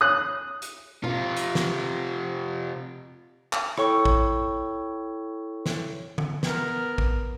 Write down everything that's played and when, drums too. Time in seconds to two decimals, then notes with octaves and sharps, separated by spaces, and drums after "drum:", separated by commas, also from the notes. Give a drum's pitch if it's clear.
0.01 D#6 F#6
0.62 drum: hi-hat
1.04 C3 F4, drum: tom B2
1.37 drum: hi-hat
1.55 drum: snare
3.53 drum: clap
3.77 E4 A4 C#5 G5 C#6, drum: rim click
4.05 drum: kick A1
5.66 drum: snare
6.18 drum: tom D3
6.43 B3 A#4, drum: snare
6.98 drum: kick A1